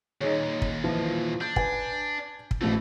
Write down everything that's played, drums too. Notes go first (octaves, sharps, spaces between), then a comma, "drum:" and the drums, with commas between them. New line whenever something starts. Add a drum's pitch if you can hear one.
D#2 A#2 D#4 G#4 C#5
drum: kick
E3 F3 F4
D4 G6
B4 G#5, drum: kick
drum: kick
A1 A2 E3 F3 A3